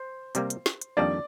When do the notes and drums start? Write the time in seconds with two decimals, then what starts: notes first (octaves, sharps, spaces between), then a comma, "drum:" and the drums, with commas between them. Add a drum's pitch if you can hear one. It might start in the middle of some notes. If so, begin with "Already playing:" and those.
Already playing: C5
0.35 C3 G3 A#3, drum: hi-hat
0.50 drum: hi-hat
0.66 drum: snare
0.81 drum: hi-hat
0.97 F2 D#3 G3 A#3 D4 D5